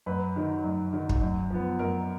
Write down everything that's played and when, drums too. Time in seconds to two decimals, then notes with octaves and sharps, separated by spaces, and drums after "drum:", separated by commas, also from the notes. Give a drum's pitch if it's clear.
0.06 F#2 B4
0.36 D#3 F#3
0.64 F#2
0.93 D#3 F#3
1.09 drum: kick
1.22 F#2
1.50 F3 B3
1.79 F#2 A#4